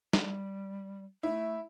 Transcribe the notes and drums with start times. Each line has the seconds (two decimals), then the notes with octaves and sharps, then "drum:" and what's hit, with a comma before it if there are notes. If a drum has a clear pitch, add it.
0.13 G3, drum: snare
1.23 A3 E4